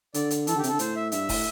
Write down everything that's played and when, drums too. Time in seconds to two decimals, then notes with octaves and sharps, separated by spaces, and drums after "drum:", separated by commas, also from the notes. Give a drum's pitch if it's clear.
0.14 D3 D5, drum: hi-hat
0.30 drum: hi-hat
0.47 E3 A4, drum: hi-hat
0.55 D3 G4
0.63 C3, drum: hi-hat
0.68 D3 A4
0.79 A2 C5, drum: hi-hat
0.96 E5
1.12 G2 E5, drum: hi-hat
1.29 A2, drum: kick, open hi-hat